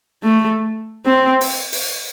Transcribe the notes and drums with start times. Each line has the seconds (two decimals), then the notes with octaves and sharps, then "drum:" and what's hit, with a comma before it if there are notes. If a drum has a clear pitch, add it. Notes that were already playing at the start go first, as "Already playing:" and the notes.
0.23 A3
1.05 C4
1.41 drum: open hi-hat
1.72 drum: open hi-hat